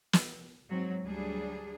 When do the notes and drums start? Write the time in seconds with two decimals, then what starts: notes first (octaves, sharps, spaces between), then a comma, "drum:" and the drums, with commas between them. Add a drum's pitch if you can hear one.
0.13 drum: snare
0.69 G#2 F#3 C4
1.03 D2 F#3 G3 D4 G#4